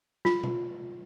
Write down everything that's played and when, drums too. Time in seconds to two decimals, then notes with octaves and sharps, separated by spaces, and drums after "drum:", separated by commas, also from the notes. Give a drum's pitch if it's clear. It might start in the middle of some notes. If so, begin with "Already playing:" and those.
0.25 F4, drum: snare
0.43 drum: tom B2